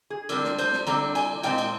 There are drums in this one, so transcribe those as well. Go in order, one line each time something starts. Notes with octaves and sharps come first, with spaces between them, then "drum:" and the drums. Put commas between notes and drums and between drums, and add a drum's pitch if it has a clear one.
G#4
D3 G3 C4 A#4, drum: cymbal
drum: snare
C5, drum: cymbal
drum: snare
D3 G3 C4 A#5, drum: cymbal
G#5, drum: cymbal
A#2 G#3 C4 G5, drum: cymbal
drum: cymbal